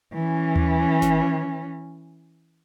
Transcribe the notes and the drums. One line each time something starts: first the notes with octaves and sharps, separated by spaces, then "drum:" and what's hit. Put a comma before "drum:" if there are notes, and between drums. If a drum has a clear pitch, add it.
E3 C#4
drum: tom D#2
drum: snare G#1